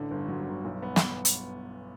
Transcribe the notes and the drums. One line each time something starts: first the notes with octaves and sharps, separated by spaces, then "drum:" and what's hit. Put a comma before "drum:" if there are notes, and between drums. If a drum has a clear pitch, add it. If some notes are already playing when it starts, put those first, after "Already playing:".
Already playing: A1 D3
G1
F#3
G1
B1
B3
drum: snare
drum: hi-hat